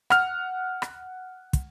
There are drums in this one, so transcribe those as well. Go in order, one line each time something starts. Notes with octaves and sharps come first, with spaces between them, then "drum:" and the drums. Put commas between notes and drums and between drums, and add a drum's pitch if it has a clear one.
F#5 F6, drum: rim click
drum: rim click
drum: kick, hi-hat